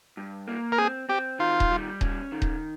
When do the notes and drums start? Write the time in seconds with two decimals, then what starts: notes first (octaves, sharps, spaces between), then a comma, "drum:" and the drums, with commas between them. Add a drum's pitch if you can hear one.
0.17 G2
0.48 A#3
0.72 A#4
0.78 C4 G#4
1.09 C4 G4
1.39 D#3 F4
1.60 drum: kick D#1
1.71 G3
2.01 C#4, drum: kick D#1
2.32 D#3
2.42 drum: kick D#1